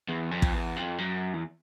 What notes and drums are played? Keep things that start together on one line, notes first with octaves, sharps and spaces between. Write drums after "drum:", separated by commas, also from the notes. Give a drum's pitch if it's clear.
E2
F2
drum: kick
E2
F2
F#2
E2